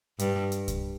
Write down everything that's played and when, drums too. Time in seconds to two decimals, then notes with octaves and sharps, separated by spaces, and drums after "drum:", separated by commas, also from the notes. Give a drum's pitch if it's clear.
0.19 G2, drum: hi-hat
0.52 drum: hi-hat
0.68 drum: kick C2, hi-hat